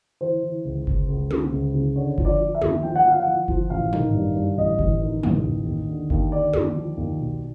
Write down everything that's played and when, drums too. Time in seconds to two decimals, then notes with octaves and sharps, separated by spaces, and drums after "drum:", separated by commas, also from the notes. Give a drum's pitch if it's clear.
0.21 E3 C5
0.43 E3
0.65 C#2
0.87 C#2, drum: kick G1
1.08 C#2
1.31 C#3, drum: tom
1.52 C#2
1.74 C#3
1.96 D3 C#5
2.18 F3, drum: kick G1
2.25 D5
2.40 F3
2.55 E5
2.62 D#2, drum: tom
2.83 F3 G5
2.96 F#5
3.05 F3 F5
3.20 F#5
3.27 F3
3.48 F3, drum: kick G1
3.70 A1 F5
3.93 D#3, drum: tom
4.14 G2
4.36 G2
4.57 A1 D#5
4.79 A1, drum: kick G1
5.02 D#3
5.23 A1, drum: tom
5.45 D#2
5.67 D#2
5.89 D3
6.10 D#2, drum: kick G1
6.32 D3 D5
6.53 D#2, drum: tom
6.76 F3
6.97 D#2
7.19 B1